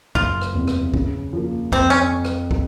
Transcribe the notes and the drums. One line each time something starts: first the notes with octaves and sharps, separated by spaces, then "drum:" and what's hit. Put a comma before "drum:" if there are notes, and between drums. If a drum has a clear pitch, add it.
F#1 F4, drum: kick
drum: rim click
E2 C3
drum: rim click
C#3, drum: kick
F3 A#3
F2 C4, drum: kick
C#4
drum: rim click
drum: kick